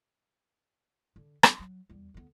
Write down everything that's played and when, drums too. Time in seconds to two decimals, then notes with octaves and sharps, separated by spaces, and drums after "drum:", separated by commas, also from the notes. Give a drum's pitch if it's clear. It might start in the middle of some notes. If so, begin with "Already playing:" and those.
1.16 D3
1.43 F#3, drum: rim click
1.60 F#3
1.90 E2 G3
2.14 D2 B3